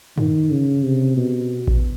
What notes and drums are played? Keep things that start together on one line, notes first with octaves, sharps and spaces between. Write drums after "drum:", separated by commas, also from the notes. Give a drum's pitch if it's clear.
D#3, drum: tom
C#3
C3
B2
drum: kick A1